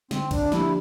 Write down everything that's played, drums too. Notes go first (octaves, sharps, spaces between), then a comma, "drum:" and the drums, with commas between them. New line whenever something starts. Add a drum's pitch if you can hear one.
D3 C4, drum: snare
D4, drum: kick A#1, cymbal
F3 A#3 D4 E4 G4, drum: snare